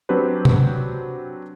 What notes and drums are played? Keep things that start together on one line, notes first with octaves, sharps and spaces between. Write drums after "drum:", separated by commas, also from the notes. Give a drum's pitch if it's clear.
F#3 C4 D4 G4 B4 C5
drum: tom